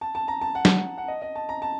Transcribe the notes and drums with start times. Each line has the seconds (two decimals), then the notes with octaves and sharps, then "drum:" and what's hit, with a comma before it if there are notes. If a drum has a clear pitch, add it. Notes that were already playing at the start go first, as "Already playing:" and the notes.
0.01 A5
0.15 A5
0.28 A#5
0.41 A5
0.55 F#5
0.65 drum: snare F#3
0.98 F#5
1.08 D#5
1.22 D#5
1.35 A5
1.49 A#5
1.62 A5